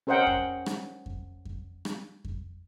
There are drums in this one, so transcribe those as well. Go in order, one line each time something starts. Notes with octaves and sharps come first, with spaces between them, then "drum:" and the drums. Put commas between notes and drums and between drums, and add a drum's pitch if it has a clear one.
C#4 A#4 C5 D#5 F#5 G5
drum: kick F2
drum: rim click
drum: kick F2
drum: kick F2
drum: rim click
drum: kick F2